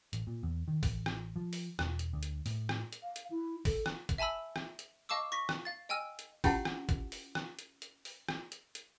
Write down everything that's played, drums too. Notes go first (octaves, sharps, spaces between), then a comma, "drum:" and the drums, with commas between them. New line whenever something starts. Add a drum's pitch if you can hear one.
A1, drum: hi-hat
A#2
E2
D#3
A1, drum: kick, open hi-hat
drum: rim click
F3
drum: open hi-hat
E1, drum: rim click
drum: hi-hat
D2
drum: hi-hat
A2, drum: open hi-hat
drum: rim click
drum: hi-hat
F5
drum: hi-hat
E4
A4, drum: kick, open hi-hat
drum: rim click
drum: kick, hi-hat
E5 G#5 A5 B5 E6
drum: rim click
drum: hi-hat
D#5 F5 A5 C#6 D6 E6
C#6 A#6 B6
drum: rim click
F5 A6
D#5 G5 G#5 E6 F6
drum: hi-hat
C#4 E4 F4 G4 F#5 A5, drum: kick, open hi-hat
drum: rim click
drum: kick, hi-hat
drum: open hi-hat
drum: rim click
drum: hi-hat
drum: hi-hat
drum: open hi-hat
drum: rim click
drum: hi-hat
drum: hi-hat